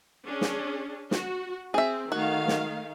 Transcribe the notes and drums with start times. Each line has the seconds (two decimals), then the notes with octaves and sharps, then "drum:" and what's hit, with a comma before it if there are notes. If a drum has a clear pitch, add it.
0.24 C#4 D4 G#4
0.41 drum: snare
1.11 F#4, drum: snare
1.74 C4 G#4 E5
2.12 D#3 A3 F#4 F5
2.48 drum: snare